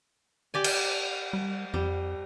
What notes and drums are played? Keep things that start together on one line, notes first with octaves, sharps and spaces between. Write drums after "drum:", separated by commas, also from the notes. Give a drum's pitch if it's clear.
G4 D5 G#5
drum: cymbal
G3
F2 G3